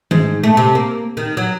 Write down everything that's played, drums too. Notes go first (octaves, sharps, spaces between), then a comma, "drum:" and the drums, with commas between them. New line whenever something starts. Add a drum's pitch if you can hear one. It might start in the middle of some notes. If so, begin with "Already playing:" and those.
G#2, drum: tom D#3
A3
C3
A#3
D#3
F#3